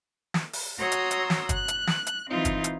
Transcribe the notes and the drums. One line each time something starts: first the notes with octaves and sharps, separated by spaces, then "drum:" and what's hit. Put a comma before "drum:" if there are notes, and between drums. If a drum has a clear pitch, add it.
drum: snare
drum: open hi-hat
F#4 C#5 A#5 C6 D#6 E6
drum: hi-hat
drum: hi-hat
drum: snare
F#6, drum: kick, hi-hat
drum: hi-hat
drum: snare
drum: hi-hat
E3 C4 D#4 F4
drum: kick, hi-hat
drum: hi-hat